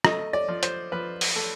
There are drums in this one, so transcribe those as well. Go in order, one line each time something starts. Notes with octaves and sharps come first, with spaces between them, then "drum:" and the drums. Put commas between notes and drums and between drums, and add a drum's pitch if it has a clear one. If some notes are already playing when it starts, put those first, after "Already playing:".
A3 D#5, drum: rim click
D5
F3
C5, drum: hi-hat
F3 B4
drum: open hi-hat
A3 A4